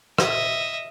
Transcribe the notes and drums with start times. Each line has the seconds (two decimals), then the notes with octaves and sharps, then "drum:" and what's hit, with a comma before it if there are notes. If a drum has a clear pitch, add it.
0.18 D#5 E5, drum: rim click